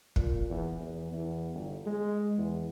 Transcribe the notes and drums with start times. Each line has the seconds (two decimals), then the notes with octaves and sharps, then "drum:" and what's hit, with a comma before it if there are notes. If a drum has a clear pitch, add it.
0.16 A#2, drum: kick
0.50 E2
0.80 E2
1.12 E2
1.54 G1
1.86 G#3
2.38 E2